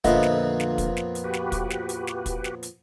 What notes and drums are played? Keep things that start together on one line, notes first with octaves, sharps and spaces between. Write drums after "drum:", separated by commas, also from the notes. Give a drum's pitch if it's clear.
F2 A#2 D3 A#3 B3 D#5 E5 F#5, drum: kick, hi-hat
drum: snare
drum: snare
drum: kick, hi-hat
drum: snare
drum: hi-hat
F#4 G4 B4
drum: snare
drum: kick, hi-hat
drum: snare
drum: hi-hat
drum: snare
drum: kick, hi-hat
drum: snare
drum: hi-hat